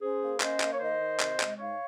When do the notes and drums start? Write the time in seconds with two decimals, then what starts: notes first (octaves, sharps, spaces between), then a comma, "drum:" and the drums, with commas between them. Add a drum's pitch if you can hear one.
0.01 C#4 G#4 C5
0.22 A#3
0.40 C#4 C5 D#5, drum: clap
0.60 A#3, drum: clap
0.73 C#5
0.80 D#3 C5 D#5
1.00 D#3
1.20 C3, drum: clap
1.40 G#3, drum: clap
1.60 G#2 C#5 F5